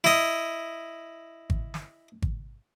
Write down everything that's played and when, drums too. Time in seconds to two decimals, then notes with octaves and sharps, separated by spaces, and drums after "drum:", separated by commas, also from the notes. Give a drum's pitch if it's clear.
0.04 E4 D#5, drum: snare
1.50 drum: kick G#1
1.74 drum: snare
2.22 drum: kick G#1